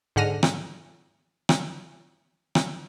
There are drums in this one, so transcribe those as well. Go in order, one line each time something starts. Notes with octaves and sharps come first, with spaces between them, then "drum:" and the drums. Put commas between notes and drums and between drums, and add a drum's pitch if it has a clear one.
G#2 D3 F#5 F6 A#6 D#7
drum: rim click
drum: rim click
drum: rim click